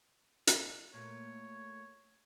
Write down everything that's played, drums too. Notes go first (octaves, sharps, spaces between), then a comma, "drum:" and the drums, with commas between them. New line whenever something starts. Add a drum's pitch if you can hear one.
drum: hi-hat
A#2 A3 A#3 C#5